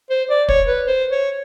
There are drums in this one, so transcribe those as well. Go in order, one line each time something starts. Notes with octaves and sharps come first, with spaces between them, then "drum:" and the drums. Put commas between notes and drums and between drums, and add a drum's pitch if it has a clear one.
C5
D5
C#5, drum: kick
B4
C5
C#5